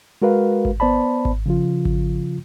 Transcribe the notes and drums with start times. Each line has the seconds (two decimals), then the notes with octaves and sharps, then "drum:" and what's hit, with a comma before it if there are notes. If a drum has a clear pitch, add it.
0.22 G#3 F#4 A#4 B4 F5
0.65 drum: kick G#1
0.80 B3 C5 D5 A5 B5
1.25 drum: kick G#1
1.46 C#3 F3 F4
1.85 drum: kick G#1